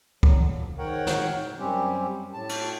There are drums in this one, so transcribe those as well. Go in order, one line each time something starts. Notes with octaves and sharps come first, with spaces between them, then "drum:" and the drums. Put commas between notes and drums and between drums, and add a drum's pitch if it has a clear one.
D3 F#3, drum: kick C#2
F3
G#2 D#3 A#4 C#5 F#5 G5
drum: snare
F#2 G3 C4 C#4 G4
A2 A5
drum: cymbal